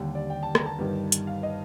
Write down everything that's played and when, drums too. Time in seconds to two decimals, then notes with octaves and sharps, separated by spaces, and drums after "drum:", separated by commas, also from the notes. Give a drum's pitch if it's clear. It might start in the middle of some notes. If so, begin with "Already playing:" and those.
Already playing: D#2 D3 G3 G5
0.15 D5
0.30 G5
0.43 A5
0.55 A#5, drum: rim click
0.66 A5
0.79 G1 G2 D#3 G3
1.12 drum: hi-hat
1.27 F5
1.43 D#5